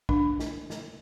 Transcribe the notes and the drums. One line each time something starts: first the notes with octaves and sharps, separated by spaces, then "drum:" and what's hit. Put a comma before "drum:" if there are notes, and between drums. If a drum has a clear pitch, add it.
D4, drum: kick
drum: snare
drum: snare